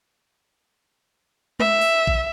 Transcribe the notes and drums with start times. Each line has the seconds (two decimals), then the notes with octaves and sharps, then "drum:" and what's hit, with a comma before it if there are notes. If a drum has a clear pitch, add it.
1.59 E5, drum: tom G#3
1.81 drum: open hi-hat
2.07 drum: kick A#1